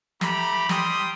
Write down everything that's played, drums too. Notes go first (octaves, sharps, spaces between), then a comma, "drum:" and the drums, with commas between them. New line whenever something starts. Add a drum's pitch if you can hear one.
A3 G4 A#5 B5, drum: snare
G3 G5 C6 D#6, drum: snare